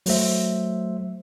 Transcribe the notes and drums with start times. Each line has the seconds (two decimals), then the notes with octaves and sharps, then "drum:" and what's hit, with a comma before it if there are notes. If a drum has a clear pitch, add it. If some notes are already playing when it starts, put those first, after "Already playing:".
0.06 F#3 A3 C5 E5, drum: open hi-hat